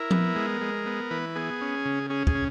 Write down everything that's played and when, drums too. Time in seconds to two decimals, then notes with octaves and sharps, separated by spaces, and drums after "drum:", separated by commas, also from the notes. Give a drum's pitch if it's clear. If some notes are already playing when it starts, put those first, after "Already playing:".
Already playing: E4 A#4
0.11 B3, drum: tom F3
0.36 G#3
0.61 G#3
0.86 B3
1.11 E3 B4
1.35 B3 G#4
1.61 C#4
1.85 C#3
2.10 C#4 G#4
2.27 G#4, drum: kick
2.35 C#3